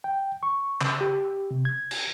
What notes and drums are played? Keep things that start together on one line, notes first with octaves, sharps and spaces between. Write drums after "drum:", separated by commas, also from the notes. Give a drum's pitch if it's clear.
G5
C#6
C#3, drum: clap
G4
C3
G#6
drum: cymbal